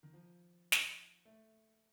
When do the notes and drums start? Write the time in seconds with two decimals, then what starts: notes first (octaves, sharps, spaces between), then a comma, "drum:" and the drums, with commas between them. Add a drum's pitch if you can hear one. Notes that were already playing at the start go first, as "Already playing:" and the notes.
0.03 D#3
0.13 F3
0.72 drum: snare
1.25 A3